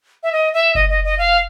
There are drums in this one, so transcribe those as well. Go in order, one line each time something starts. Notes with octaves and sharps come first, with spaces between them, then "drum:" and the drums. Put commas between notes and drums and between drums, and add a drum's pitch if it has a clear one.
E5
D#5
E5
D#5, drum: kick F#1
D#5
D#5
F5